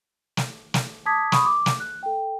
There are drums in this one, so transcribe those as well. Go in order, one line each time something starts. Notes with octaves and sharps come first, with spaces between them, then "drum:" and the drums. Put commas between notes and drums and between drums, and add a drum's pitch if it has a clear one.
drum: snare
drum: snare
A5 D6 D#6 G#6 B6
B5 C#6 D#6, drum: snare
D6
drum: snare
F#6
A4 G5